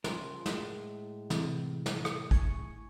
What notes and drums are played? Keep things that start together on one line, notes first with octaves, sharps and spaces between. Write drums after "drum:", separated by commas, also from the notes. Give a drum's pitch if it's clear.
C#3 F3 A#4, drum: snare
A2 G#3, drum: snare
C3 E3, drum: snare
drum: snare
drum: rim click
G#5 C#6, drum: kick